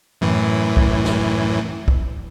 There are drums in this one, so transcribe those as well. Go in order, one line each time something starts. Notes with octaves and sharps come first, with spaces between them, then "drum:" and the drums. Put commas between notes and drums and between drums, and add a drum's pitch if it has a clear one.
F#2 A2 E3
drum: kick
drum: snare
drum: kick